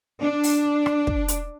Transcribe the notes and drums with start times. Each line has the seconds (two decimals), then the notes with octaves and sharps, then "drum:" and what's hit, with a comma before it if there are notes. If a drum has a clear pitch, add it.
0.22 D4
0.43 drum: open hi-hat
0.86 drum: rim click
1.07 drum: kick
1.28 drum: hi-hat